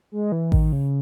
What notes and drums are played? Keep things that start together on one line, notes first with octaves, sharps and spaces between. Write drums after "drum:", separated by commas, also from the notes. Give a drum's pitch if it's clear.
G#3
E3
D#3, drum: kick A1
C#3